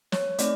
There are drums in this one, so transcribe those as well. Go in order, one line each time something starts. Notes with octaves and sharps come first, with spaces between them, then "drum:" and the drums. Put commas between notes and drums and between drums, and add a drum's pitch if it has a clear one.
C#5, drum: snare
A3 C4 D#4 D5, drum: hi-hat